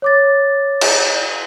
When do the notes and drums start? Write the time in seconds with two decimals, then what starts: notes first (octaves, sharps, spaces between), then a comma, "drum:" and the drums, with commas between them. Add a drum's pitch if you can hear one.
0.02 C#5 D6 A6
0.81 drum: cymbal